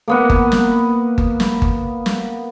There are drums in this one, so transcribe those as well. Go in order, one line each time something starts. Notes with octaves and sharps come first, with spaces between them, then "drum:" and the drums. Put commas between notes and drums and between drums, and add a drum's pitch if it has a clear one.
A#3 B3 F#5
drum: kick G1
drum: snare
drum: kick G1
drum: snare
drum: kick G1
drum: snare